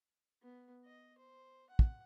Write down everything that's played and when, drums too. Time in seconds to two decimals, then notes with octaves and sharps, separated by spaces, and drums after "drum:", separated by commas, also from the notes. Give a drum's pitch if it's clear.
0.42 B3
0.85 D#5
1.18 C5
1.70 F#5
1.79 drum: kick